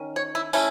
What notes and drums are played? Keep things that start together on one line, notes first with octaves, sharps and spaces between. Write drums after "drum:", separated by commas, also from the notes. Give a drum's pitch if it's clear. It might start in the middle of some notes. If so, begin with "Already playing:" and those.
Already playing: D#3 C#4
C#5
E4
A3 C#4 E4, drum: tambourine